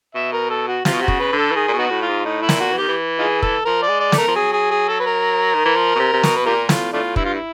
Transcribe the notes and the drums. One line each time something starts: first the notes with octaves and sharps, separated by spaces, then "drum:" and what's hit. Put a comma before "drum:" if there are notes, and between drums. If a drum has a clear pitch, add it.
B2 E5
A#4
A4
F#4
C3 F4, drum: snare
B2
C3 F#4
C#3, drum: kick
B4
D3
A4
E3
D#3 G#4
A#2
B2
B3 D#4 F#4
A2
F4
G#2
A2 D#4
E4
A#2, drum: snare
F#4
E3
D#3 G4
E3
D#4 F4 G#4
A4, drum: kick
F3 A#4
D5
G#3
D5
A3, drum: snare
A#4
F3
F#3 G#4
G#4
G#4
A4
B4
A#4
D#3
E3
F3
B2
C3
C3
B2, drum: snare
B4
A#2 F4 G4 A#4
A2 F4, drum: snare
A2 A3 D4 F4
G2 E4, drum: kick
F4
E4